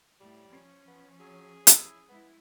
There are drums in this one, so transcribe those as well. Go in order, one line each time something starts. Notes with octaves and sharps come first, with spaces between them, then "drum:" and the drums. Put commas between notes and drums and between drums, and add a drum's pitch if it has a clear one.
A2 G3
F3 C#4
B3
F#3 G#4
E4, drum: hi-hat
G#3 B3 E4